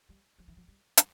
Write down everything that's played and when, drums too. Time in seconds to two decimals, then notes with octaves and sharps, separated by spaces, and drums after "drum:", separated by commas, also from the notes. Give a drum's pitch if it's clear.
0.09 G3
0.39 F#3
0.48 E3
0.57 F#3
0.68 G3
0.97 G3, drum: hi-hat